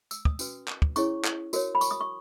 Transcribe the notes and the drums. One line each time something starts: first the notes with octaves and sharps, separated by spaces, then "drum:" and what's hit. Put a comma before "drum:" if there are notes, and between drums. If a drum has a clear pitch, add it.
E6, drum: tambourine
D#6, drum: kick
C#4 F#4 B4, drum: tambourine
drum: clap
drum: kick
C#4 E4 G#4 C#5 C#6, drum: tambourine
drum: clap
F#4 A#4 C#5, drum: tambourine
B5
C#6, drum: tambourine
D#6
C#6